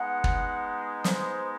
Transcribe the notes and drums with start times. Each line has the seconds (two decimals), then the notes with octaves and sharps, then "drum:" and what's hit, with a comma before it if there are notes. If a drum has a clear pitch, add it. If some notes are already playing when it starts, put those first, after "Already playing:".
Already playing: G#3 B3 D#4 F#5
0.24 drum: kick
1.04 C5, drum: snare